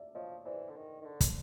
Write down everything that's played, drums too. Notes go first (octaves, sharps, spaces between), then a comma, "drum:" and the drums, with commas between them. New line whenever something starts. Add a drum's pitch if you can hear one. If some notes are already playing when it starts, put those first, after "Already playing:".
Already playing: D5 E5
F3 C#5 D#5
E3 C5 D5
D3
D#3
D#3
D3
drum: kick, hi-hat